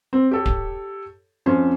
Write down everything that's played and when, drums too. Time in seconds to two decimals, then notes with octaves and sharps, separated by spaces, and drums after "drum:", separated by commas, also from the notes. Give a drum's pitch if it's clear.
0.13 C4
0.31 G4 A4 C#5
0.46 drum: kick D1
1.46 F2 C#4 C5